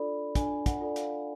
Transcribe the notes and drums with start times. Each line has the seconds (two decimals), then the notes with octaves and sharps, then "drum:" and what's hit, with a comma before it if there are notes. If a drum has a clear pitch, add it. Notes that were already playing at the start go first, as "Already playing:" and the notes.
Already playing: D4 F4 A4 D5 B5
0.35 D4 G#5, drum: kick, hi-hat
0.66 F#5, drum: kick, hi-hat
0.81 F4 A4 D5
0.96 F5, drum: hi-hat